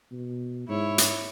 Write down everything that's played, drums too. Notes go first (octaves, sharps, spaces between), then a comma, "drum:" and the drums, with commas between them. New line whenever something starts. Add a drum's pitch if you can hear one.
B2
G#2 E4 C#5
drum: hi-hat